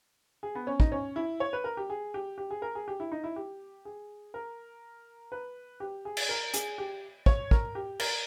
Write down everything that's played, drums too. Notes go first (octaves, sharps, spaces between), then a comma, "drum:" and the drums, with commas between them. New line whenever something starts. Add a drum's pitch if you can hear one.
G#4
B3
C#4
D#4, drum: kick
C#4
E4
C#5
B4
A#4
G4
G#4
G4
G4
G#4
A#4
G#4
G4
E4
D#4
E4
G4
G#4
A#4
B4
G4
G#4
drum: cymbal
A#4
G#4, drum: hi-hat
G4
C#5, drum: kick
A#4, drum: kick
G4
A#4, drum: cymbal